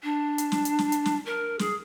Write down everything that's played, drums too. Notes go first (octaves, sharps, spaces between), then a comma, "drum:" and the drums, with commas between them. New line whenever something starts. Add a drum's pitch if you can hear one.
D4
drum: hi-hat
drum: snare
drum: hi-hat
drum: snare
drum: hi-hat
drum: snare
A#4
G#4, drum: snare